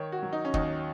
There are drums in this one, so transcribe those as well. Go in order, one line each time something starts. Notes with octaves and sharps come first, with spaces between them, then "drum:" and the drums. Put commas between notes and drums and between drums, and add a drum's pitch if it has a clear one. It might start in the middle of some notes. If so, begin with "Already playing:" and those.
Already playing: D#3 C#5
F#4
F#3
D#4
C#4
D#2 D#4, drum: kick